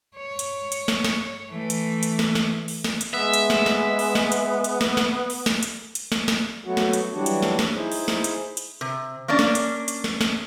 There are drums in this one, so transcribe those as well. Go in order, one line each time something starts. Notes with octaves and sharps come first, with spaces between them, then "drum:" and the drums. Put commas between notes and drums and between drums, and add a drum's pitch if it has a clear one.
C#5
drum: hi-hat
drum: hi-hat
drum: snare
drum: snare
E3 A3
drum: hi-hat
drum: hi-hat
drum: snare
drum: snare
drum: open hi-hat
drum: snare
drum: hi-hat
G#3 B3 E5
drum: hi-hat
drum: snare
drum: snare
drum: open hi-hat
drum: snare
drum: hi-hat
drum: hi-hat
drum: snare
drum: snare
drum: open hi-hat
drum: snare
drum: hi-hat
drum: hi-hat
drum: snare
drum: snare
F#3 A3 B3 F#4
drum: snare
drum: hi-hat
E3 F#3 G3 D4 F#4
drum: hi-hat
drum: snare
drum: snare
D#4 E4 G#4 C5
drum: open hi-hat
drum: snare
drum: hi-hat
drum: hi-hat
C3
A#3 C#4 D4 D5
drum: snare
drum: hi-hat
drum: hi-hat
drum: snare
drum: snare